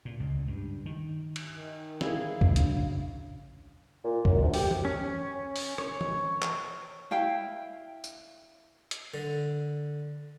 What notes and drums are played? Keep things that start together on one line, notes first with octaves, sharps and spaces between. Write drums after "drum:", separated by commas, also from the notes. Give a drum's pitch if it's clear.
A#2
C#2
G2
D#3
drum: cymbal
D#3
E4 G#4 F5, drum: snare
drum: kick
A#1 C#3 F#3 D4, drum: hi-hat
A#2
F#2, drum: kick
D2
G4, drum: open hi-hat
drum: tom E3
C#4
drum: open hi-hat
C#5, drum: rim click
drum: tom E3
drum: clap
E4 F5 G5
drum: tambourine
drum: hi-hat
D3